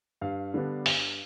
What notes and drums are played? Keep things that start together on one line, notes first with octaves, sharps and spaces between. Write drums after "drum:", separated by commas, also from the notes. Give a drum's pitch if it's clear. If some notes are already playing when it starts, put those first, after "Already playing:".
G2 F5
D3 G3 B3 D4
G2, drum: open hi-hat